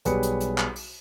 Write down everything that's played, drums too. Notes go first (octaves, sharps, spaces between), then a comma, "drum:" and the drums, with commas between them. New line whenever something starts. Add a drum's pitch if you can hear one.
B1 G3 G#4 B4 C#7, drum: hi-hat
drum: hi-hat
drum: hi-hat
drum: clap
drum: open hi-hat